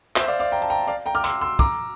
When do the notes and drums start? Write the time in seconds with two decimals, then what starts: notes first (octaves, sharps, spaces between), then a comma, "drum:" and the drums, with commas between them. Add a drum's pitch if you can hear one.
0.16 C5 E5, drum: clap
0.28 D5 F5
0.39 D5 F5
0.52 G5 A#5
0.62 A5
0.70 G5 A#5
0.87 D5 F5
1.06 G5 A#5
1.15 D6 F6
1.24 C6 E6, drum: hi-hat
1.41 C6 E6
1.59 A#5 D6, drum: kick